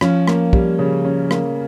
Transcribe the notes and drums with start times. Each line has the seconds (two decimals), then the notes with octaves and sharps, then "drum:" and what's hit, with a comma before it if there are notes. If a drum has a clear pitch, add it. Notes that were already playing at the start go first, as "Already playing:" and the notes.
0.01 F3 C#4, drum: rim click
0.28 A#3, drum: rim click
0.53 G3, drum: kick
0.79 C#3
1.04 C#4
1.31 A#3, drum: rim click